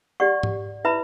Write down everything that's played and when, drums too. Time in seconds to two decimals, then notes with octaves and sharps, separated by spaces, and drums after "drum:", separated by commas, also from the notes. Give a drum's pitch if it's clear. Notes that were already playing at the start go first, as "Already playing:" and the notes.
0.20 G4 D5 F#5 C#6
0.43 drum: tom G#2
0.85 E4 B4 E5 B5